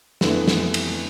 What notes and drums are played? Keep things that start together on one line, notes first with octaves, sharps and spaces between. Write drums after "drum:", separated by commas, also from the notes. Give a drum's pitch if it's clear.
F2 D3 E3 A3 B3, drum: snare
drum: snare
drum: cymbal